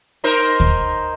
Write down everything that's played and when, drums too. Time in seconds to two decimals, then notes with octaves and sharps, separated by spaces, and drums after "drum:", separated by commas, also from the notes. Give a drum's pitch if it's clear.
0.24 D#4 A#4 C5
0.60 drum: kick